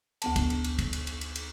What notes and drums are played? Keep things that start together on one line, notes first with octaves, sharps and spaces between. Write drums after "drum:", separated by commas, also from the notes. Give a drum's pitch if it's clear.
D2 B3 A5, drum: cymbal
drum: kick, cymbal
drum: cymbal
drum: cymbal
drum: kick, cymbal
drum: cymbal
drum: cymbal
drum: cymbal
drum: cymbal